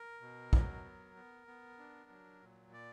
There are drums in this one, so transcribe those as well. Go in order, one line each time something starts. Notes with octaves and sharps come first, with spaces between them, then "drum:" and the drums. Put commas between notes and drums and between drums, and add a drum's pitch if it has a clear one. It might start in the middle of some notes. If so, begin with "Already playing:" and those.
Already playing: A#4
B2
F#3, drum: kick
B3
B3
B3
D4
F#3
A#2
D5